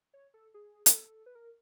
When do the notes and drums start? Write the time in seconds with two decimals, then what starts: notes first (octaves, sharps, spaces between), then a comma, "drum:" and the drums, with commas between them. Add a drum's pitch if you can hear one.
0.14 C#5
0.34 A4
0.54 G#4
0.86 A#4, drum: hi-hat
0.94 A4
1.26 B4
1.35 A#4